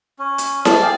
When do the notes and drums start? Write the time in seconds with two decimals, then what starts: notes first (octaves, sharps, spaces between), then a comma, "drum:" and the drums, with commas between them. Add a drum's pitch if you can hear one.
0.19 C#4
0.38 drum: hi-hat
0.65 A4 D5, drum: snare E4
0.82 G4 G#4 F5